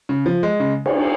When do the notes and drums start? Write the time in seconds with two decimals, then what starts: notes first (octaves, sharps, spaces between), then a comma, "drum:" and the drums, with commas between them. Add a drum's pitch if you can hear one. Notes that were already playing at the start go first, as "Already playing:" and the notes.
0.09 C#3
0.26 F3
0.43 G#3
0.60 C#3
0.86 drum: cymbal